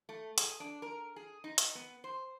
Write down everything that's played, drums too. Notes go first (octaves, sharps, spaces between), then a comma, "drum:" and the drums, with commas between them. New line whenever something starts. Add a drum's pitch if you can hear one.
A3
G#4, drum: hi-hat
D4
A#4
G#4
D#4
drum: hi-hat
B3
C5